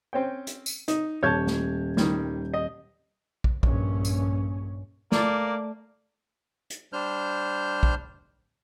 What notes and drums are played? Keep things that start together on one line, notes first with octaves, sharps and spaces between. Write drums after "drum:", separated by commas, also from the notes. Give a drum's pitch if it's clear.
C4 C#4 G5
drum: hi-hat
drum: tambourine
D#4, drum: hi-hat
D#1 C#5 A5 G6 G#6
drum: snare
D#3 G3, drum: snare
D#5
drum: kick
A#1 G2 C#4, drum: kick
drum: tambourine
A3 A#3 D5 A6, drum: snare
drum: hi-hat
G3 D4 C5 F6 G6
drum: kick